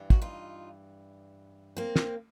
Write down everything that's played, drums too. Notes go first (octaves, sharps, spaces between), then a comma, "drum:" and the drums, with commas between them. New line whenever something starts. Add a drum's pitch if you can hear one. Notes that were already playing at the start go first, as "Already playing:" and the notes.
Already playing: G2 E3
F#4, drum: kick
D#4 F4
A#3 C4
drum: snare